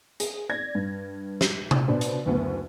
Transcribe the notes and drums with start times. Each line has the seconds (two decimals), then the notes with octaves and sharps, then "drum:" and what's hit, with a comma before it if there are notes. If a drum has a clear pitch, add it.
0.20 G#4, drum: hi-hat
0.50 D5 G#6 A#6
0.75 G2
1.41 drum: snare
1.71 drum: tom C3
1.88 B2 D4 B4 C5
2.01 drum: hi-hat
2.25 F#1 D2 B3